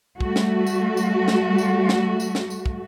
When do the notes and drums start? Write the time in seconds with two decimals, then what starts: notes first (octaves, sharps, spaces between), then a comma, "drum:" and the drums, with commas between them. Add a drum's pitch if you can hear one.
0.21 G3 A3 F#4, drum: kick
0.36 drum: snare
0.66 drum: tambourine
0.97 drum: tambourine
1.28 drum: snare
1.58 drum: tambourine
1.89 drum: snare
2.20 drum: tambourine
2.35 drum: snare
2.50 drum: tambourine
2.66 drum: kick